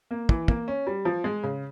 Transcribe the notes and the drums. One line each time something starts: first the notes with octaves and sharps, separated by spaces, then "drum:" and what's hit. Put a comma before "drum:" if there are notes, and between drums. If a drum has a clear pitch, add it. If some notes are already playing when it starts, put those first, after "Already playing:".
A#3
E3, drum: kick
A#3, drum: kick
C#4
G3
F3
G#3
C#3